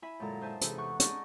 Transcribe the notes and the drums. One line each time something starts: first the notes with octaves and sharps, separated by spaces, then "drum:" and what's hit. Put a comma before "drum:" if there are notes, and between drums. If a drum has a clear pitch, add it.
E4 E5 G#5 B5
F#2 A#2 D3 G#3 A4 A#5
D#4 C5 E5 G#5 A5
C3 E3 D#4 G#4 A4, drum: hi-hat
E2 F#5 G5 C#6 F#6
D4 D#4 G#4 D#5 G#5 C#6, drum: hi-hat